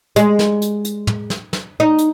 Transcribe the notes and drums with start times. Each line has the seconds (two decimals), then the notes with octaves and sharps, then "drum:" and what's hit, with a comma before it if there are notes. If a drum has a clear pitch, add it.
0.16 G#3, drum: hi-hat
0.39 drum: snare
0.62 drum: hi-hat
0.85 drum: hi-hat
1.07 drum: tom
1.30 drum: snare
1.53 drum: snare
1.80 D#4
1.98 drum: hi-hat